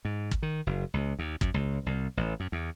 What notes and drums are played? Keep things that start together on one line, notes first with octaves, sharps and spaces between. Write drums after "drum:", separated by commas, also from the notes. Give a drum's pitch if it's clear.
G#2
drum: kick
D#3
F#1
C#2
D#2
F#2, drum: kick
C#2
C2
A1
F#2
E2